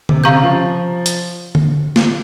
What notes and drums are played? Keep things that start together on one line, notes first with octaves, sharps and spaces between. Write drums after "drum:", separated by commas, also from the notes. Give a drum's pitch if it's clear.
C3, drum: tom D3
C3 F5 A#5 C#6 G6
C#3
F3
drum: hi-hat
drum: tom D3
drum: snare